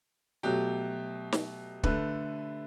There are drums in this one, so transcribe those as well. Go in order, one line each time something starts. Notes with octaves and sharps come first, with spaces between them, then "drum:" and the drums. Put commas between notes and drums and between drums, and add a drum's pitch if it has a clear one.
B2 F#3 A3 G4
drum: snare
D3 A3 B4, drum: kick